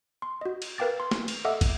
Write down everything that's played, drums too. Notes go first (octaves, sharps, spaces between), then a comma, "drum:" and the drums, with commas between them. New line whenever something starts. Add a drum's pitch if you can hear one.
C6
F#4 D#5
drum: cymbal
A#4 B4 F5 G5 D6 A6
C6
drum: snare
drum: cymbal
A4 D#5 E5 F#5 D6 E6
drum: kick, cymbal